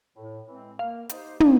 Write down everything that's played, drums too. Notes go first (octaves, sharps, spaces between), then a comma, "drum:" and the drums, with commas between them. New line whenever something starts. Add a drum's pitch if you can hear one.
A2
E3 G#3 C4
A#3 F5
D#4 G4 C5, drum: hi-hat
A#3, drum: tom